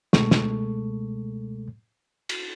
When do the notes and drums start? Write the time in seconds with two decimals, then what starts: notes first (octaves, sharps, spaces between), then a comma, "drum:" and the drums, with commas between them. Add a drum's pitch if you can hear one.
0.13 C#2 B2 G#3 A3 A4 C#6, drum: snare
0.31 drum: snare
2.29 drum: cymbal